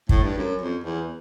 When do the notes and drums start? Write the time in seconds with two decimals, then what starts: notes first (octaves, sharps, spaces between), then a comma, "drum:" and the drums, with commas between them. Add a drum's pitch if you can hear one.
0.09 A2, drum: kick
0.23 G2
0.38 F#2
0.61 F2
0.84 E2